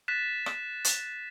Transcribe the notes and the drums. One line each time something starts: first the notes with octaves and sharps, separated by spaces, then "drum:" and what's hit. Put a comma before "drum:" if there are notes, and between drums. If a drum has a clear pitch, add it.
F#6 A6 B6 E7
drum: rim click
drum: hi-hat